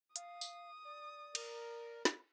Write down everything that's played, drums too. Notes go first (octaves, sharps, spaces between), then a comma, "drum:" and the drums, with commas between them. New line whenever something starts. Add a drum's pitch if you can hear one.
F5 D#6, drum: hi-hat
drum: tambourine
D5
A#4, drum: cymbal
drum: snare